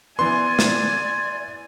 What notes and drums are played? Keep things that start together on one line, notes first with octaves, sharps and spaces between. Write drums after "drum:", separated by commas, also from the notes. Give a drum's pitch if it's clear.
E3 B3 D5 G#5 C6
drum: snare